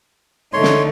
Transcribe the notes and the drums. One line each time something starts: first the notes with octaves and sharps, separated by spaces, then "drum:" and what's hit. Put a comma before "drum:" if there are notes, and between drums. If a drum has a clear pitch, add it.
D3 A3 D#4 C#5 C6
drum: snare